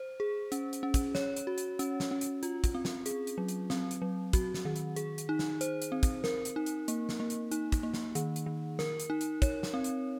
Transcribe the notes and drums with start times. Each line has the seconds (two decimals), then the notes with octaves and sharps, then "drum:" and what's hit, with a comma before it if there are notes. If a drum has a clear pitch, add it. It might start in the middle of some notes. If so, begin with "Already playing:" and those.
Already playing: C5
0.20 G#4
0.52 C#4, drum: hi-hat
0.73 drum: hi-hat
0.83 C#4
0.94 drum: kick, hi-hat
1.15 C#5, drum: snare
1.36 drum: hi-hat
1.47 F#4
1.58 drum: hi-hat
1.79 C#4, drum: hi-hat
2.00 drum: snare
2.11 C#4
2.21 drum: hi-hat
2.43 F4, drum: hi-hat
2.64 drum: kick, hi-hat
2.75 C4
2.85 drum: snare
3.06 G#4, drum: hi-hat
3.27 drum: hi-hat
3.38 F#3
3.48 drum: hi-hat
3.70 C4, drum: snare
3.91 drum: hi-hat
4.02 F#3
4.33 F#4, drum: kick, hi-hat
4.54 drum: snare
4.65 D#3
4.76 drum: hi-hat
4.96 G#4, drum: hi-hat
5.18 drum: hi-hat
5.29 D#4
5.39 drum: snare
5.61 C5, drum: hi-hat
5.82 drum: hi-hat
5.92 C4
6.03 drum: kick, hi-hat
6.24 A#4, drum: snare
6.45 drum: hi-hat
6.56 D#4
6.66 drum: hi-hat
6.88 A#3, drum: hi-hat
7.09 drum: snare
7.20 A#3
7.30 drum: hi-hat
7.51 D#4, drum: hi-hat
7.72 drum: kick, hi-hat
7.83 A#3
7.94 drum: snare
8.15 D#3, drum: hi-hat
8.36 drum: hi-hat
8.46 D#3
8.79 A#4, drum: snare
9.00 drum: hi-hat
9.10 D#4
9.21 drum: hi-hat
9.42 C#5, drum: kick, hi-hat
9.63 drum: snare
9.74 C4
9.84 drum: hi-hat